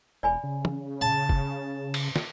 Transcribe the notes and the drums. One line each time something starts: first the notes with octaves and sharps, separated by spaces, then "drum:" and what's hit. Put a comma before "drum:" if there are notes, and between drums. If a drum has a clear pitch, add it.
E1 D5 G#5 B5
C#3
drum: tom
A5
drum: kick
drum: cymbal
drum: snare